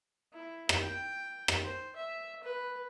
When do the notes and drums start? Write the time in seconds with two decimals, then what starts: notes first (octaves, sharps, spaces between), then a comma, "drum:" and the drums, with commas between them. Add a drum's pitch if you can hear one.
0.33 E4
0.69 drum: rim click
0.80 G5
1.48 drum: rim click
1.64 C5
1.96 E5
2.43 B4